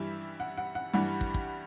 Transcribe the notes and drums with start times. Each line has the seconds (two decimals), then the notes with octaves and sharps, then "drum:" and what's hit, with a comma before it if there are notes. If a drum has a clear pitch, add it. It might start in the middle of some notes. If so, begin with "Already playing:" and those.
Already playing: G2 E3 G3 E5
0.40 F#5
0.58 F#5
0.75 F#5
0.94 G2 E3 G3 F#5
1.21 drum: kick
1.34 drum: kick